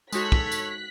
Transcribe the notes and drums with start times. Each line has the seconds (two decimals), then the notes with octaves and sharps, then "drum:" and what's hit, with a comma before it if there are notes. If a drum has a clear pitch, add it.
0.13 G#3 D#4 F#4 A4 C#5 F#6 B6, drum: tambourine
0.32 drum: kick
0.52 drum: tambourine